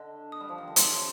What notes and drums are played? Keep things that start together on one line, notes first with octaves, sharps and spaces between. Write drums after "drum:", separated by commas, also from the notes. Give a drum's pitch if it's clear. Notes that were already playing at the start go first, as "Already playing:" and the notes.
Already playing: D3 D#5
D#6
G3
F3
D#3
D3
C3 C6, drum: hi-hat